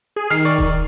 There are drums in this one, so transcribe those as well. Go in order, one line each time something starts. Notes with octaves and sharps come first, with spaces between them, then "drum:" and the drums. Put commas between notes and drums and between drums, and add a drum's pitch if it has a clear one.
G#4
D#3 F6 C7
D5 C#6
drum: kick D#1